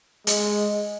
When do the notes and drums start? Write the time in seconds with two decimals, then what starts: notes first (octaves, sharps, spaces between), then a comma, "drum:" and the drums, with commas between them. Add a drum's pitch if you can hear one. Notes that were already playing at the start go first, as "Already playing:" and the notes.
0.27 G#3, drum: hi-hat